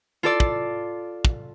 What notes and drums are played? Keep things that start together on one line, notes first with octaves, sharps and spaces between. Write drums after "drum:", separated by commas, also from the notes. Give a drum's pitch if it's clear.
F4 A4 D5
drum: kick
drum: kick